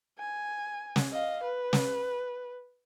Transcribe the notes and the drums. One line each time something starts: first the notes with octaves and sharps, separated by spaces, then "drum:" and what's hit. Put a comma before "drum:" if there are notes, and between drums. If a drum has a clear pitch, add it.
G#5
drum: snare
D#5 F5
B4
drum: snare